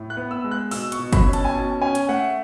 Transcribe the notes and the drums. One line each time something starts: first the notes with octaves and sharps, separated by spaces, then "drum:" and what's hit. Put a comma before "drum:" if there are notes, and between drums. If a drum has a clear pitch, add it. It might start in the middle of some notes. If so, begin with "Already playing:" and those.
Already playing: A2
F#6
B3
E6
G#3
F#6
B2 E6, drum: open hi-hat
C#6, drum: hi-hat
B2
B5, drum: kick G1, hi-hat
C#4
A5, drum: hi-hat
G#5
B2 A5
C#4 G#5
drum: hi-hat
A3 F#5